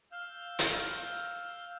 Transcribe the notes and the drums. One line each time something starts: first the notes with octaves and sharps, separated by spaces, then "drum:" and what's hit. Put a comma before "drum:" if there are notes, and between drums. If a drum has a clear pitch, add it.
F5 E6 F6 G6
drum: hi-hat